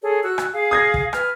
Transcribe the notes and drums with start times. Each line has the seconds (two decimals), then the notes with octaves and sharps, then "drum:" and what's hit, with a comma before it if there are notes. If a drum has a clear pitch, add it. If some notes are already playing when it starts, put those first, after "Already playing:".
0.02 G#4 A4 C#5
0.23 F#4 E6 F#6
0.38 drum: rim click
0.53 G#4 F5
0.71 D#6 G#6 A#6
0.94 drum: kick
1.13 B4 F6, drum: rim click